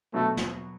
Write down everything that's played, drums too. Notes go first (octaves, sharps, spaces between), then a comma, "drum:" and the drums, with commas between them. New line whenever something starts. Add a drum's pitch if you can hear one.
B2 F#3 A3 B3 D4 F#4
drum: snare